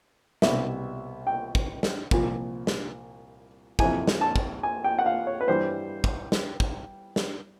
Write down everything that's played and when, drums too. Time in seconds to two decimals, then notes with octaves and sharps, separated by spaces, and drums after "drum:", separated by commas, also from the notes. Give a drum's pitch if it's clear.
0.42 C2 B2 G3 E5, drum: snare
1.27 G5
1.55 drum: kick
1.83 drum: snare
2.11 C2 A#2 F3, drum: kick
2.67 drum: snare
3.79 F2 C3 E3 G#5, drum: kick
4.07 drum: snare
4.21 A5
4.36 drum: kick
4.63 G#5
4.84 G5
4.99 F#5
5.06 F5
5.27 C#5
5.41 B4
5.48 G2 E3 G3 C5
6.04 drum: kick
6.32 drum: snare
6.60 drum: kick
7.16 drum: snare